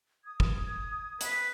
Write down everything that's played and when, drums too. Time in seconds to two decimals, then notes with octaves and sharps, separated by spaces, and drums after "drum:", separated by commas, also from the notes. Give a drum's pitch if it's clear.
0.25 D#6 G#6
0.40 drum: kick
1.21 B4, drum: hi-hat